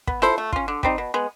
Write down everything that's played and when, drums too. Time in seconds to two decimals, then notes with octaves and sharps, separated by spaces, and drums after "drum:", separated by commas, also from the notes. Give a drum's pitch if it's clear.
0.07 B3, drum: kick
0.22 E4 A4 C5, drum: snare F4
0.38 A3
0.53 C#4 F4, drum: kick
0.68 D3
0.83 G3 C4 D#4, drum: kick
0.98 B2
1.14 G#3 B3